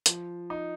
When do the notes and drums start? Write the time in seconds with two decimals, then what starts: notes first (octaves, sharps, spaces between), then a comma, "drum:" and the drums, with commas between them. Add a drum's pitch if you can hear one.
0.06 F3, drum: hi-hat
0.50 D#4